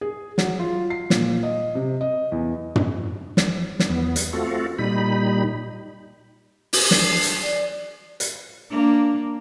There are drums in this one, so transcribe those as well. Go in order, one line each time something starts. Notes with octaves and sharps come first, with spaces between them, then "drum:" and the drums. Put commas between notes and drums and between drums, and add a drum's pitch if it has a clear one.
G#4
F#3, drum: snare
F4
C7
A#2, drum: snare
D#5
C3
D#5
E2
drum: tom
drum: snare
drum: snare
E2 B3
drum: hi-hat
A3 C4 F4 F#4 A4
A#2 G3 D#4 B5
drum: open hi-hat
D4 C7, drum: snare
drum: hi-hat
D5
drum: hi-hat
A#3 D4